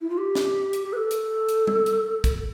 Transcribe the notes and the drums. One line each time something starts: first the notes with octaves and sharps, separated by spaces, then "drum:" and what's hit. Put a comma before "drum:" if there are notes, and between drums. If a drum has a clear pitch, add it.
E4
F4
G4
drum: snare
drum: hi-hat
G4
B4
A4
drum: hi-hat
drum: hi-hat
drum: tom G3
drum: hi-hat
drum: kick, hi-hat